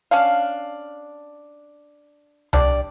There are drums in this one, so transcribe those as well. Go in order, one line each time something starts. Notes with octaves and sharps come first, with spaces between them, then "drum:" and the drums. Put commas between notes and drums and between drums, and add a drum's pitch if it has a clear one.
C#4 D4 F5
G3 D4 D5, drum: tom C2